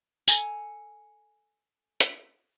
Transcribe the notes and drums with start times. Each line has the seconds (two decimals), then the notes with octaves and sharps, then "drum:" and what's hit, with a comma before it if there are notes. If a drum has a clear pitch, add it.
0.28 A4 G#5 A#5, drum: tambourine
2.00 drum: hi-hat